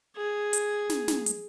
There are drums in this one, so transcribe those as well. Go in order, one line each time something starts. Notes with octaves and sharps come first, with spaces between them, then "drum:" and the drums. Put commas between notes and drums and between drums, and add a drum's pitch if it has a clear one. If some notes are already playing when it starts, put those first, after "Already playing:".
G#4
drum: hi-hat
drum: snare
drum: snare
drum: hi-hat